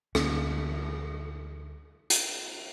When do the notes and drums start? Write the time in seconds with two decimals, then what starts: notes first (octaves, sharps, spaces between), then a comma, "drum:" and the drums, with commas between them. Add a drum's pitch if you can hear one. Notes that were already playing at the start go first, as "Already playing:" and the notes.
0.15 D2 A#3 C#4, drum: rim click
2.10 drum: hi-hat